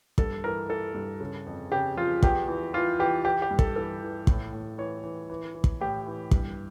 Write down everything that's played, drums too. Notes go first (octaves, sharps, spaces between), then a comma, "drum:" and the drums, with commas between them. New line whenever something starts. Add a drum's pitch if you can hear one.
G2 A4, drum: kick
E3 A#4
E3 A4
G2
C#3
F2
C#3 G4
F3 F4
E2 G4, drum: kick
E3
E3 F4
E3 G4
E3 G4
G4
G2
A4, drum: kick
E3 A4
E3
A2, drum: kick
A2
E3 C#5
E3
E3
E3
drum: kick
A2 G4
E3
G2, drum: kick